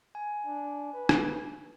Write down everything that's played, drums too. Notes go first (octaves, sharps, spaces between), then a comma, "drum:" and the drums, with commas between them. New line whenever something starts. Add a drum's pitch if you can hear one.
G#5
D4
B4
drum: rim click